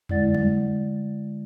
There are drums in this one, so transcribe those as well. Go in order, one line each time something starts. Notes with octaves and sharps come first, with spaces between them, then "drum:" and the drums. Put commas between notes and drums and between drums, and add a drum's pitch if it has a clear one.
D3 G#3 E4 D5 F#5 A6, drum: tom E2
drum: tom F#3